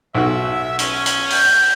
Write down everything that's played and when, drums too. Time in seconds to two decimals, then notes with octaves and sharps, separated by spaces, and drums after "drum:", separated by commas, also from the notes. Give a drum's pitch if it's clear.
0.15 B1 F#4 E5
0.79 C#4, drum: hi-hat
1.06 drum: hi-hat
1.30 G6, drum: open hi-hat